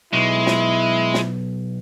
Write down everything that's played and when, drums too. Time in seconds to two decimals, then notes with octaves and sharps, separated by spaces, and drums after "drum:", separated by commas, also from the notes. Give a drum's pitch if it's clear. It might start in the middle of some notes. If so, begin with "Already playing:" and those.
0.13 B1 G#3 E4
0.47 drum: snare
1.14 drum: snare